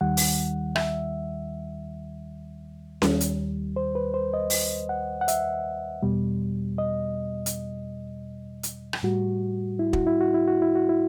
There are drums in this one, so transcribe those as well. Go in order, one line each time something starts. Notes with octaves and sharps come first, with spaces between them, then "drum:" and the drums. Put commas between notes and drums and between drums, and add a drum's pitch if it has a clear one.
D#2 D#3 G3 F#5
drum: open hi-hat
E5, drum: rim click
D#2 D#3 G3, drum: snare C#4
drum: hi-hat
C5
B4
C5
D#5
drum: open hi-hat
F#5
F#5
E5, drum: hi-hat
E2 B2 G3
D#5
drum: hi-hat
drum: hi-hat
drum: rim click
A2 G3 F#4
E4
F#4, drum: kick
E4
F#4
E4
F#4
E4
F#4
E4